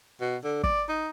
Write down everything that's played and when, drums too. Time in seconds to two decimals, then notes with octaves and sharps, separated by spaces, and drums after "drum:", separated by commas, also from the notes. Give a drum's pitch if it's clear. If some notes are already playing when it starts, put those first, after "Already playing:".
0.21 B2
0.44 D3
0.63 D5, drum: kick
0.89 D#4